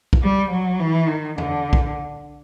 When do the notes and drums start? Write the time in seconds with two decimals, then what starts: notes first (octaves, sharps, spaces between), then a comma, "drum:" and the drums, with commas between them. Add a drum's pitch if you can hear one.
0.13 drum: kick
0.23 G3
0.51 F#3
0.80 E3
1.08 D#3
1.38 D3, drum: tom E2
1.73 drum: kick